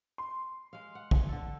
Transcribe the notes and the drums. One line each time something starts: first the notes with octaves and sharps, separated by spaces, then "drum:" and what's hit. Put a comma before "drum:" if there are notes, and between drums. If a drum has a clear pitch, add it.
C6
G#3 F5
F#5
drum: kick
D3 A4